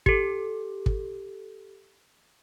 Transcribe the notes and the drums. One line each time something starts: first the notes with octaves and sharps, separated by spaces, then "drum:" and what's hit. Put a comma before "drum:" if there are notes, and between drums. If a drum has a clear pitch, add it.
G4 A4, drum: kick
drum: kick